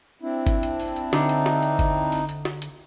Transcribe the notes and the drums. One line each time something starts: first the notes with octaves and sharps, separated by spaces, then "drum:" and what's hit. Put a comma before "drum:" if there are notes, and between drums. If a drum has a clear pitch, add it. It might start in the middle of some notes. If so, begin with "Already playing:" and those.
C4 D4 E4
drum: kick G1, hi-hat
drum: hi-hat
drum: open hi-hat
drum: hi-hat
D3 D#4, drum: snare
drum: hi-hat
drum: snare
drum: hi-hat
drum: kick G1, hi-hat
drum: open hi-hat
drum: hi-hat
drum: snare
drum: hi-hat